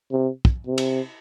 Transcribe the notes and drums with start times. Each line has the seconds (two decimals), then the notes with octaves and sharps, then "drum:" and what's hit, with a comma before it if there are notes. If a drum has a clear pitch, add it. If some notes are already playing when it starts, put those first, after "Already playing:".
0.12 C3
0.45 drum: kick
0.67 C3
0.78 drum: cymbal